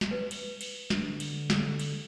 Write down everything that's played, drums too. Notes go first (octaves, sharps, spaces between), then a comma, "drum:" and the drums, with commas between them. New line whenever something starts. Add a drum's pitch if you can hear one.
drum: snare
B4
drum: cymbal
drum: cymbal
D3, drum: snare
drum: cymbal
drum: snare
drum: cymbal